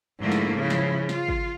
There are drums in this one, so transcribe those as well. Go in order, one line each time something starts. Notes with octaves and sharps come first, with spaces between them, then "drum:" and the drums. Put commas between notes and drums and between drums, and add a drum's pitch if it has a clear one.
G#2 D3 F3 A3 A#3 E4
drum: snare
C#3 F3 E4
drum: snare
F4, drum: snare
drum: kick G#1